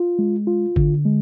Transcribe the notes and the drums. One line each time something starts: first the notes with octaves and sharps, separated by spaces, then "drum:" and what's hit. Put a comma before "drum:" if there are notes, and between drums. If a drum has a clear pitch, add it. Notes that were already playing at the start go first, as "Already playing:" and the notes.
Already playing: F4
G#3
F4
D3, drum: kick G1
G#3